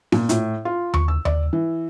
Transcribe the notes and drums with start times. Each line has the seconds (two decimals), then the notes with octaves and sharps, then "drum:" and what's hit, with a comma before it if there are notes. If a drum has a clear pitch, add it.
0.12 A#2, drum: snare B3
0.29 A2, drum: hi-hat
0.65 F4
0.94 C#6, drum: tom D#2
1.08 E6
1.25 D5, drum: tom D#2
1.53 E3